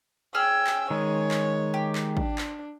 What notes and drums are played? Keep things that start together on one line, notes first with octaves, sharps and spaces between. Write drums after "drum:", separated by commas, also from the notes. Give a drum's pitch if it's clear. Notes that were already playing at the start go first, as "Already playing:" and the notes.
C#4 G#4 G5 E6 F6
drum: clap
D#3 G#3 C#5
drum: clap
G4
drum: clap
D4, drum: kick
drum: clap